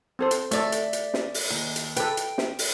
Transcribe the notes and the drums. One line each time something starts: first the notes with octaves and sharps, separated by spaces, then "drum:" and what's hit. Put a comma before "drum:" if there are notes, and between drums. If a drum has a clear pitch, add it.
C4 A4 C5
drum: hi-hat
A3 A4 D5 E5, drum: hi-hat
drum: hi-hat
drum: hi-hat
drum: snare
drum: open hi-hat
D#2
drum: hi-hat
A4 B4 G5, drum: hi-hat
drum: hi-hat
drum: snare
drum: open hi-hat